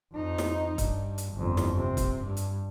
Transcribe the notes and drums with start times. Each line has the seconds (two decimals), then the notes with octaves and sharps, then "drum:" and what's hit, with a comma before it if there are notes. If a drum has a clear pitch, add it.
0.13 F2 D#4
0.38 drum: snare
0.78 G2, drum: kick, hi-hat
1.18 drum: hi-hat
1.34 G1 F2
1.57 drum: snare
1.76 C3
1.97 drum: kick, hi-hat
2.24 G2
2.37 drum: hi-hat